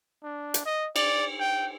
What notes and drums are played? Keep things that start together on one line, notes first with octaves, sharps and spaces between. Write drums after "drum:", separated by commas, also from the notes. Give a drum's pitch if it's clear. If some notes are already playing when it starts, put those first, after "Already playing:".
D4
drum: hi-hat
D#5
D5, drum: cymbal
G5